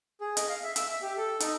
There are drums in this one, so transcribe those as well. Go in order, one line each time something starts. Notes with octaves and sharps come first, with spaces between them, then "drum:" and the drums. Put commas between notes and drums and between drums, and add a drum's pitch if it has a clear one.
G#4
D#5, drum: hi-hat
F5
E5
E6, drum: hi-hat
E5
G4
A4
D#4, drum: hi-hat